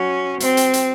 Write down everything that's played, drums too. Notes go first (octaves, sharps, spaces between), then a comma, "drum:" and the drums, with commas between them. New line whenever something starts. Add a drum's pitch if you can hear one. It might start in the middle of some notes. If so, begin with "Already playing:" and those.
Already playing: F#3 C#4
C4, drum: hi-hat
drum: hi-hat
drum: hi-hat